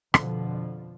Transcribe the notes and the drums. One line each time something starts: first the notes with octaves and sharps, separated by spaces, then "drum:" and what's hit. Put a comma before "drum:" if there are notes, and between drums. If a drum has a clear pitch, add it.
F2 B2 D3 F3, drum: rim click